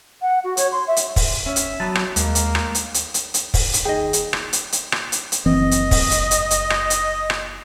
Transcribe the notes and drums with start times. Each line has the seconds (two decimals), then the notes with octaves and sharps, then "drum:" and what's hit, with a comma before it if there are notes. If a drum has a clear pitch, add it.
0.21 F#5
0.44 F#4
0.57 C#5, drum: hi-hat
0.71 C6
0.87 E5
0.97 drum: hi-hat
1.16 drum: kick, open hi-hat
1.46 C#4 E5
1.56 drum: hi-hat
1.80 F#3 B3 A5
1.95 drum: rim click
2.16 D#2 G#3 A#3, drum: hi-hat
2.35 drum: hi-hat
2.55 drum: rim click
2.75 drum: hi-hat
2.94 drum: hi-hat
3.14 drum: hi-hat
3.34 drum: hi-hat
3.54 drum: kick, open hi-hat
3.74 drum: hi-hat
3.85 D#2 G#4 D#5 G5
4.13 drum: hi-hat
4.33 drum: rim click
4.53 drum: hi-hat
4.72 drum: hi-hat
4.92 drum: rim click
5.12 drum: hi-hat
5.32 drum: hi-hat
5.46 F#1 E3 C4 D#5
5.71 drum: hi-hat
5.91 drum: kick, open hi-hat
6.11 drum: hi-hat
6.31 drum: hi-hat
6.51 drum: hi-hat
6.70 drum: rim click
6.90 drum: hi-hat
7.30 drum: rim click